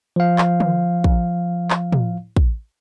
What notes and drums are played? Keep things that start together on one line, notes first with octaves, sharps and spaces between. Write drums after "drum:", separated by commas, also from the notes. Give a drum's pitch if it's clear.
F3 F5
drum: clap
drum: tom
drum: kick
drum: clap
drum: tom
drum: kick